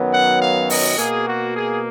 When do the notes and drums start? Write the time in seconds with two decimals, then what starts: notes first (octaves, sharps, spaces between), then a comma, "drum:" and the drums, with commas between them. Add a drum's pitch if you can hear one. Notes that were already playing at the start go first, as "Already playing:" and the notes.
Already playing: F#2 D#3 F#3 B3
0.12 F#5
0.41 F5
0.70 D#5, drum: open hi-hat
0.98 B2 A#3 G#4
1.27 F#4
1.56 G#4